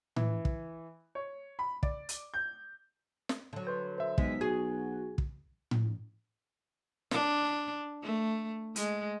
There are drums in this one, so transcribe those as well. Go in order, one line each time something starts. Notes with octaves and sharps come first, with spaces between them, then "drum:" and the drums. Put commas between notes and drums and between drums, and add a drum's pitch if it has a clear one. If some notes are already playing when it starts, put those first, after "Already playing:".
E3, drum: tom A2
drum: kick
C#5
B5
D5, drum: kick
drum: hi-hat
G6
drum: snare
D3 F#3
B4 C#5 C6 G6
C5 E5
B1 G#3 B6, drum: kick
F#4 G#4 G#6
drum: kick
drum: tom A2
D4, drum: snare
A3
G#3, drum: hi-hat